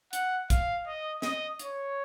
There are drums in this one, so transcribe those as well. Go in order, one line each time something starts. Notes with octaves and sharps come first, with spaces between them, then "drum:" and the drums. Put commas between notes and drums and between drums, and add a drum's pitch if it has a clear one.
F#5, drum: hi-hat
F5, drum: kick, hi-hat
D#5
D#5, drum: snare
C#5, drum: hi-hat